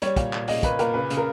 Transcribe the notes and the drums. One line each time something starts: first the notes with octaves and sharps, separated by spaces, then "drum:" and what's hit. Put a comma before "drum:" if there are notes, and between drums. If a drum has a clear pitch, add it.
G3 C#5, drum: hi-hat
A#2, drum: kick, hi-hat
A#2, drum: clap
A#2 D#5, drum: open hi-hat
A#3 B4, drum: kick, hi-hat
A#2 A#4, drum: hi-hat
C#3 B4
C#3, drum: hi-hat
A#4